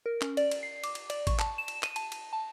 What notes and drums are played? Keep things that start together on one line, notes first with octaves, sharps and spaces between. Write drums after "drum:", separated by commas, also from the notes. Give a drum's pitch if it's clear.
A#4
C#4, drum: clap
D5, drum: cymbal
drum: cymbal
C7
D6, drum: cymbal
drum: cymbal
D5, drum: cymbal
C#6, drum: kick G#1, cymbal
A5, drum: clap
E7
drum: cymbal
D#7, drum: clap
A5, drum: cymbal
drum: cymbal
A5